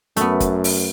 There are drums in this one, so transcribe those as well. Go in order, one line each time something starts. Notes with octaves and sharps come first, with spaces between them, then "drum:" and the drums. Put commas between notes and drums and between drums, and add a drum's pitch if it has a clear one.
F#2 A3 B3, drum: hi-hat
drum: kick, hi-hat
drum: open hi-hat